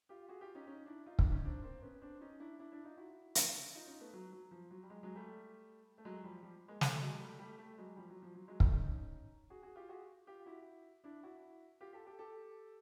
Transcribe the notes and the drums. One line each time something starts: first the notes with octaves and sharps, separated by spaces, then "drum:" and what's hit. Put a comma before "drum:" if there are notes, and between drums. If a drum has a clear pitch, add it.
F4 G4
F#4 G#4
F4 G4
C#4 D#4
C#4 D#4
D4 E4
D#4 F4
D4 E4, drum: kick
C#4 D#4
C4 D4
A#3 C4
B3 C#4
C4 D4
C#4 D#4
D4 E4
D4 E4
D4 E4
D#4 F4
E4 F#4
drum: hi-hat
D#4 F4
C#4 D#4
A3 B3
F#3
F#3
F3
F#3
G3
F#3 G#3
F#3 G#3
G3 A3
A3
F#3 G#3
F3 G3
F3 G3
G#3 A#3
G3 A3, drum: snare
F#3 G#3
G3 A3
G3 A3
G3 A3
F#3 G#3
F3 G3
F#3
F3
F#3
F#3 G#3
G3 A3, drum: kick
C#4 D#4
F#4 G#4
F#4 G#4
F4 G4
F#4 G#4
F4 G4
E4 F#4
D4 E4
E4 F#4
F4 G4
G4 A4
G4 A4
G4 A4